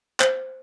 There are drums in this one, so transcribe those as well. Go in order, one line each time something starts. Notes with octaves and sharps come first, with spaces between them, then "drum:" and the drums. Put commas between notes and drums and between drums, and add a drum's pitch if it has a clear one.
C5, drum: clap